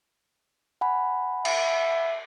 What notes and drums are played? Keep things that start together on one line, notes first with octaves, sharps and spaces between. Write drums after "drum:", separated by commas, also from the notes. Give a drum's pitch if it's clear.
F#5 G#5 B5
E5, drum: cymbal